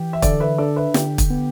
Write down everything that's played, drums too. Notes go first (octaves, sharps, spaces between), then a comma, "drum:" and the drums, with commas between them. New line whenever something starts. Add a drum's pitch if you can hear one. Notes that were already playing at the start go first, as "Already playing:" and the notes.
Already playing: E3 G4
E5
D3 A4 D5, drum: kick, hi-hat
B4 E5
D4 A4 D5
B4 E5
D3 G4, drum: snare
drum: kick, hi-hat
B3